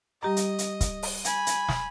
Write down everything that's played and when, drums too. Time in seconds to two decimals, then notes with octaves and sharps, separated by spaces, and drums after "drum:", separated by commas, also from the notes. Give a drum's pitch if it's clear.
0.23 G3 G4 D#5 A#5
0.37 drum: hi-hat
0.59 drum: hi-hat
0.81 drum: kick, hi-hat
1.03 drum: open hi-hat
1.25 G#5 B5, drum: hi-hat
1.47 drum: hi-hat
1.69 drum: snare